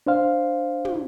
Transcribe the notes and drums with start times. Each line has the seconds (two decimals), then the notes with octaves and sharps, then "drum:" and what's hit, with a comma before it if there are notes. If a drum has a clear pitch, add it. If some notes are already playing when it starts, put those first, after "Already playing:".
0.07 D4 C5 F5
0.85 drum: tom